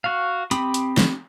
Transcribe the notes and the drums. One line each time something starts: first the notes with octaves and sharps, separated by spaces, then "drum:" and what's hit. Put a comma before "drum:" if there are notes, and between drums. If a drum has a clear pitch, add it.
F#4 F5
C4 G4 B5 D#6, drum: hi-hat
drum: hi-hat
drum: snare